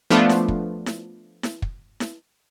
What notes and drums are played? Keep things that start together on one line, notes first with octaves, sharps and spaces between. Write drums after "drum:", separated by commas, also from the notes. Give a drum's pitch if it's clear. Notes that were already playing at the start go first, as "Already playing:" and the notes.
F3 A3 B3 D4 F4
drum: snare E4
drum: kick
drum: snare E4
drum: snare E4
drum: kick
drum: snare E4